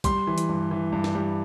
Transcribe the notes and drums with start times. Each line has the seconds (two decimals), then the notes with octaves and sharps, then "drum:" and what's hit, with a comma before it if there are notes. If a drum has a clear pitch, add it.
0.04 G3 C6, drum: kick A#1, hi-hat
0.27 E3
0.38 drum: hi-hat
0.49 G2
0.71 E3
0.92 G2
1.04 drum: snare
1.15 G3